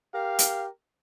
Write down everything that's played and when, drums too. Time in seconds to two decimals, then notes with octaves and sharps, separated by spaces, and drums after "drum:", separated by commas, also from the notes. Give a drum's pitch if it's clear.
0.13 G4 A#4 F5
0.39 drum: hi-hat